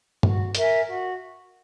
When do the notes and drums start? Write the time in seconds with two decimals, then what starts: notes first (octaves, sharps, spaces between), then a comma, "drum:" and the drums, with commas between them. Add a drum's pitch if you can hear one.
0.23 F#4, drum: tom G2
0.55 A#4 E5 G#5, drum: hi-hat
0.87 F#4